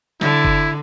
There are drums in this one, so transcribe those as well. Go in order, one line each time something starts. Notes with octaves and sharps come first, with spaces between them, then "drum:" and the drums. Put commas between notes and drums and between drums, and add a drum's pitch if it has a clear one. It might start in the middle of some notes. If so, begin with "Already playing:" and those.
D3 E4, drum: snare
drum: kick F#1